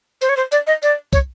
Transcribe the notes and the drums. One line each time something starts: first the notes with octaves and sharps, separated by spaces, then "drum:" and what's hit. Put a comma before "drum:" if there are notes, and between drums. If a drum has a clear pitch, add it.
C5, drum: tambourine
C#5
C5
D5, drum: tambourine
D#5
D5, drum: tambourine
C#5, drum: kick, tambourine